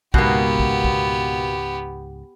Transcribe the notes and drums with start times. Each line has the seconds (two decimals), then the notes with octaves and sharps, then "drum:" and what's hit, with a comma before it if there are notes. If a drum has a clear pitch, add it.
0.14 C#2 G#2 B2 A#3 B3 G4, drum: kick
0.60 drum: kick
0.84 drum: kick